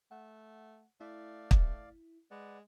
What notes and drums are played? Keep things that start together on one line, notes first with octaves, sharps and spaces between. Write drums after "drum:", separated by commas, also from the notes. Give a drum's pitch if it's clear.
A3 F#5
A3 E4 D5 F5
drum: kick
G#3 B4 D5 F#5